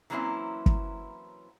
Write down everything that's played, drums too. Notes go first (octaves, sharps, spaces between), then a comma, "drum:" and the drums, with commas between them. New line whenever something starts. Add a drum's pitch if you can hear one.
E3 F#3 A#3 C4 C#4 E4
drum: kick